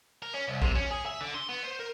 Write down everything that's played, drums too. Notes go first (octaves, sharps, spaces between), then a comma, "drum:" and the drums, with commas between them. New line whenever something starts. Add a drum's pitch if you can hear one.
A#4
C#4
C2
C3, drum: kick A#1
C#4
G#4
E5
D3
C6
B3
C5
A#4